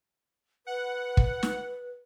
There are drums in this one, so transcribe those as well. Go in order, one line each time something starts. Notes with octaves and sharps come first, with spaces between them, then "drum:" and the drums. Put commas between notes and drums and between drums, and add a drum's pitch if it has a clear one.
B4 F#5
drum: kick
drum: snare